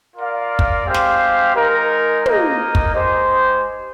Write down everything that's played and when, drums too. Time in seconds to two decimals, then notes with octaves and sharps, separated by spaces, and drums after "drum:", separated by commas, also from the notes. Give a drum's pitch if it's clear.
0.15 F4 A#4 D5 F5
0.59 drum: kick
0.85 G#3 C4 G4 C5 F5
0.94 drum: snare
1.55 G#3 D#4 A#4
2.26 A#3 D#4 A#4 D#5, drum: tom
2.75 drum: kick
2.94 G#3 D#4 G4 C5